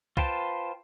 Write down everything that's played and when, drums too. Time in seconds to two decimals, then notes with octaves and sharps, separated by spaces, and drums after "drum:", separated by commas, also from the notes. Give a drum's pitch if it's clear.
0.17 F4 B4 C5 G5 A5, drum: kick